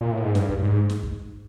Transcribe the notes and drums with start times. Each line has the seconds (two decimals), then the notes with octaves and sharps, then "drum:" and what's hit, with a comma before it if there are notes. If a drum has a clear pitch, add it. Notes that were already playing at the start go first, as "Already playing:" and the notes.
0.01 A#2
0.12 A2
0.23 G#2
0.35 G2, drum: snare
0.49 drum: kick
0.62 G#2
0.89 drum: snare
1.03 drum: kick